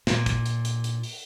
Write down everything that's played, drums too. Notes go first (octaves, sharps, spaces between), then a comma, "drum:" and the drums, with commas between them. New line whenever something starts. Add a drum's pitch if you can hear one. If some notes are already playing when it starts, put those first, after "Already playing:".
A#2, drum: snare
drum: kick, hi-hat
drum: hi-hat
drum: hi-hat
drum: hi-hat
drum: open hi-hat